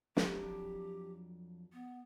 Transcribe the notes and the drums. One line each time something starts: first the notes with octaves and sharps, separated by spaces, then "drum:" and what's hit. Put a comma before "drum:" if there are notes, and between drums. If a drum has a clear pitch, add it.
F2 F#3 D4 G4, drum: snare
B3